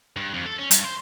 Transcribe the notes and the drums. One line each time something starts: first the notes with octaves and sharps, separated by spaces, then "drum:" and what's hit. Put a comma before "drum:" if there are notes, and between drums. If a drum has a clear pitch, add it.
G2
F2
A4
C#4
G2, drum: hi-hat
C5